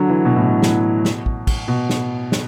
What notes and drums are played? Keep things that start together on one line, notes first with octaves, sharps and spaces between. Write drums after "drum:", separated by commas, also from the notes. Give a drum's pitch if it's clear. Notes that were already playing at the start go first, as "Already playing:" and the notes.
Already playing: D3 F#3
E3
B2
A2
B2
drum: snare
drum: snare
drum: kick
drum: kick, cymbal
B2
drum: snare
drum: snare